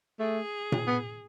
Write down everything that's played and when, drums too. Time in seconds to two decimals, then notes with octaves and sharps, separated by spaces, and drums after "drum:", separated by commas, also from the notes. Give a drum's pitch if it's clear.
0.19 A3 G#4
0.72 drum: tom A#2
0.87 B3